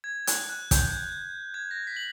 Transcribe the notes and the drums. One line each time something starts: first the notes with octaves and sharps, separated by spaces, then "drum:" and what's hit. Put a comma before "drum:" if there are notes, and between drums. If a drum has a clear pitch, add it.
G#6
F#6, drum: hi-hat
F#6
G6, drum: kick, hi-hat
G#6
A#6
B6
F#7